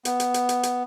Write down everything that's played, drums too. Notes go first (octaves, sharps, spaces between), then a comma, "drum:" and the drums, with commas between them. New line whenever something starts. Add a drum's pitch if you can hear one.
B3, drum: hi-hat
drum: hi-hat
drum: hi-hat
drum: hi-hat
drum: hi-hat